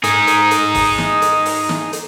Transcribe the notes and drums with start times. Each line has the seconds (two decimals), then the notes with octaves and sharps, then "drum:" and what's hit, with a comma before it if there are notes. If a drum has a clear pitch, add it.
0.04 D#4 G#4, drum: hi-hat
0.27 drum: hi-hat
0.51 drum: hi-hat
0.75 drum: kick, open hi-hat
0.98 drum: snare
1.22 drum: hi-hat
1.45 drum: open hi-hat
1.69 drum: snare
1.93 drum: hi-hat